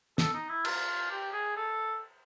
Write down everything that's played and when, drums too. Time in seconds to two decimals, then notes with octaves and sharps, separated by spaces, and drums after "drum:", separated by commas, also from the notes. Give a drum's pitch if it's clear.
0.18 A4, drum: snare
0.34 D#4
0.49 E4
0.65 F4, drum: cymbal
1.10 G4
1.33 G#4
1.57 A4